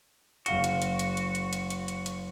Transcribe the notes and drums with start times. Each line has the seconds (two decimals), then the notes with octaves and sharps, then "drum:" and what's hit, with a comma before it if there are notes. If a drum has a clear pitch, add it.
0.46 F#1 F#4 F5 G7, drum: hi-hat
0.64 drum: hi-hat
0.82 drum: hi-hat
0.99 drum: hi-hat
1.17 drum: hi-hat
1.35 drum: hi-hat
1.53 drum: hi-hat
1.70 drum: hi-hat
1.88 drum: hi-hat
2.06 drum: hi-hat